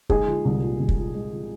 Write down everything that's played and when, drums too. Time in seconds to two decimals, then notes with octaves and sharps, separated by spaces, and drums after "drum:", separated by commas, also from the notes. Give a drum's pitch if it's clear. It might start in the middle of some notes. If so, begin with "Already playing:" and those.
0.10 G#3 D#4 G#4, drum: kick
0.28 F3
0.45 C2
0.62 A#2
0.79 C2
0.89 drum: kick
0.98 F3
1.15 G#3
1.32 F3